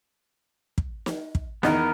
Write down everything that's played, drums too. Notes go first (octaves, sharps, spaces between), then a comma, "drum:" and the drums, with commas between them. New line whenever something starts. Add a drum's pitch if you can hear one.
drum: kick
drum: snare
drum: kick
E2 D#3 B3 A#4 D#5, drum: snare